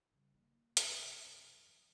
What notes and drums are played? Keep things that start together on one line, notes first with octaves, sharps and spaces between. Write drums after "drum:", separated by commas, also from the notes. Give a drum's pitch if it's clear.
C#3 G3
D#3 A#3
G1 D#3, drum: hi-hat
C3
F#2 D#3
F3